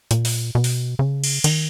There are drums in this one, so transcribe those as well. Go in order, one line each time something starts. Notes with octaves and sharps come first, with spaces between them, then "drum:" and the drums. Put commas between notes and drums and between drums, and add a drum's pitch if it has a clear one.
A#2, drum: hi-hat
drum: open hi-hat
B2
drum: open hi-hat
C#3
drum: cymbal
D#3, drum: cymbal